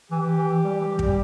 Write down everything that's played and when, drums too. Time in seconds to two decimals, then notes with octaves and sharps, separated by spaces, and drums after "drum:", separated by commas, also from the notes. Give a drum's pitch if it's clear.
0.10 E3 G4
0.37 E3
0.64 G3
0.81 E3
0.99 G3, drum: kick